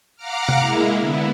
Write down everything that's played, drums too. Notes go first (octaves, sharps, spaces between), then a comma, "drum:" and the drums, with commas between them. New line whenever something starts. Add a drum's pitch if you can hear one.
F5 F#5 A#5 D6 F6
drum: tom C3
G#3 A#3 E4
D3 B3 E4